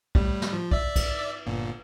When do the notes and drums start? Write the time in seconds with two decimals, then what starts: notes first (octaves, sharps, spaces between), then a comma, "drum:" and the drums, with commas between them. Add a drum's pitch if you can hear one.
0.15 A2 G3, drum: kick
0.42 drum: snare
0.53 F3
0.71 D5 E5, drum: kick
0.96 drum: kick, cymbal
1.46 G1 A#2